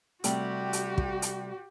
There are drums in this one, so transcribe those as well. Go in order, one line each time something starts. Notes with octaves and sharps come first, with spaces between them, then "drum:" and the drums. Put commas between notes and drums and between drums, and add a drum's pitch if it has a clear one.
C3 G3 A3 F#4 G4, drum: hi-hat
drum: hi-hat
drum: kick
drum: hi-hat